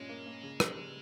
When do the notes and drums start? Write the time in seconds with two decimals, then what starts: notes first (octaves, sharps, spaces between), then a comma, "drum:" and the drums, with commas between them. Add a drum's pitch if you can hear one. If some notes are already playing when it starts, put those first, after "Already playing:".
Already playing: G2 A#2 G#3 C#4
0.09 A#3
0.26 A#3
0.43 C#3
0.60 G3, drum: rim click
0.77 C#3